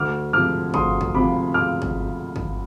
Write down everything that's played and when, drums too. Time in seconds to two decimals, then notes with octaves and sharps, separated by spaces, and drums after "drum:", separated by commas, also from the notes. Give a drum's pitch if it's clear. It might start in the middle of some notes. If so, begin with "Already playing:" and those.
Already playing: D2 D6 F6
0.33 C3 F3 D6 F6
0.74 D2 C6 D#6, drum: kick G1
1.01 drum: kick G1
1.14 C3 F3 B5 D6
1.54 D2 D6 F6
1.82 drum: kick G1
2.36 drum: kick G1